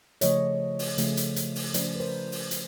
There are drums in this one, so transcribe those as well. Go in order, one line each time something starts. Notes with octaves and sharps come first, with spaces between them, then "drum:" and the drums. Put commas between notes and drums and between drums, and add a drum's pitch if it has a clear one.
C#3 F3 A3 C#5 D#5, drum: hi-hat
drum: open hi-hat
C#3 F3 A3, drum: hi-hat
drum: hi-hat
drum: hi-hat
drum: open hi-hat
F3 A3 C#4 C5 D5, drum: hi-hat
B4
A#4 C5
drum: open hi-hat
drum: hi-hat